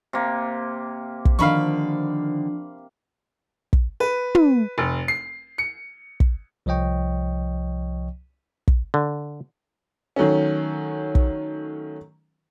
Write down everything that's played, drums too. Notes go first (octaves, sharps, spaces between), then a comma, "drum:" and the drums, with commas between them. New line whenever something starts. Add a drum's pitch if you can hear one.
C3 A#3
drum: kick
D3 D#3 F3 D4 F5 B5 C#6
drum: kick
B4
drum: tom
F1
C7
C#7
drum: kick
C2 F3 C#5 D#5 G5 C#6
drum: kick
D3
D#3 F#3 A3 C#4
drum: kick